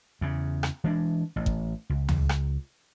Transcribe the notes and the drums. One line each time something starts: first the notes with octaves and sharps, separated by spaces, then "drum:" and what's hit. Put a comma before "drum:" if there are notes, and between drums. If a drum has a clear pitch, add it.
E2 C#3
drum: rim click
E3 G#3 D4
A1
drum: kick G#1
C#2
drum: tom D2
drum: rim click